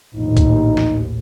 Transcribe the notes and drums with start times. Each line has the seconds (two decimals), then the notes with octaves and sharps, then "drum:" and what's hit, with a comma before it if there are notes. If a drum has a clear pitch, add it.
0.16 A#1 D#2 A2 D#4
0.37 drum: kick C2, hi-hat
0.77 drum: snare